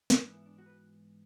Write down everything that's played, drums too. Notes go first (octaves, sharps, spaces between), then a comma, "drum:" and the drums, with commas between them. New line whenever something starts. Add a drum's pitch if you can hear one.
C#4, drum: snare
G#2 E3 B3 D4
E4
D4
F#4
B4